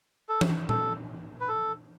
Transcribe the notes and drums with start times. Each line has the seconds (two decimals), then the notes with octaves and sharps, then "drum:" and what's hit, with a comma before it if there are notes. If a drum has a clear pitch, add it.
0.29 A4
0.41 drum: tom E3
0.69 A4, drum: tom A#2
1.40 B4
1.48 A4